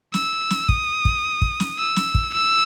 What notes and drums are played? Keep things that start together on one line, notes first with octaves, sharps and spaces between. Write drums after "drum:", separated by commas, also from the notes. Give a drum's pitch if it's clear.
E6, drum: snare
drum: snare
D#6, drum: kick
drum: kick
drum: kick
drum: snare
E6
drum: snare
drum: kick
E6